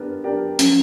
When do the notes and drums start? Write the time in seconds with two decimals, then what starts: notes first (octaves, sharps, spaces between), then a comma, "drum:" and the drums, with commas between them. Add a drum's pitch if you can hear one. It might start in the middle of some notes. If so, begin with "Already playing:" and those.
Already playing: B3 D4 G4 A#4
0.24 D4 G4 A#4 D5
0.59 F3 C#4, drum: hi-hat